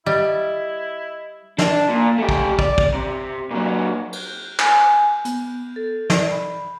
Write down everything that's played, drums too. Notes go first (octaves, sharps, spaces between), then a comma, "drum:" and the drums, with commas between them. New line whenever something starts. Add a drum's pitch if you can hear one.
G3 E4 D#5
D4, drum: snare
A#2
A3 G4
drum: kick
D5, drum: kick
drum: kick
C3
A#2 F#3
drum: cymbal
G#5, drum: clap
B3, drum: hi-hat
A4
D5, drum: snare
B5